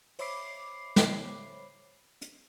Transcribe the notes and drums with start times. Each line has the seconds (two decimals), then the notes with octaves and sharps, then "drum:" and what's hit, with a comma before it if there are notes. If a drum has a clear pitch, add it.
0.19 C5 C#5 E5 B5 D6 C7, drum: open hi-hat
0.96 drum: snare
2.22 drum: hi-hat